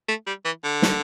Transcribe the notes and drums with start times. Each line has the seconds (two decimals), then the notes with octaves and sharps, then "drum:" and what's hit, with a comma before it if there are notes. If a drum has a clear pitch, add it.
0.08 A3
0.27 G3
0.45 E3
0.64 D3
0.82 drum: snare